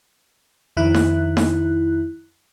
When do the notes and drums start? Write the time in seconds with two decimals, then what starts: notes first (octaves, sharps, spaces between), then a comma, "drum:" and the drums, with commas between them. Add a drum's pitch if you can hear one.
0.77 F2 D#3 E4 F#6
0.94 drum: snare D#4
1.37 drum: snare D#4